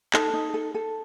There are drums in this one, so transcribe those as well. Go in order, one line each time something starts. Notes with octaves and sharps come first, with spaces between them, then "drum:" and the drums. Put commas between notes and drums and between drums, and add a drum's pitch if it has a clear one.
D#4 A4 A5, drum: clap
D#4
A4
A4